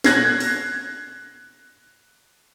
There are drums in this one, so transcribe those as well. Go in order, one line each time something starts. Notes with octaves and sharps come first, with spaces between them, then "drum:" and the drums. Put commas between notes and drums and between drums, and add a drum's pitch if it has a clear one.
F#6 G#6 A#6 C7, drum: snare
drum: open hi-hat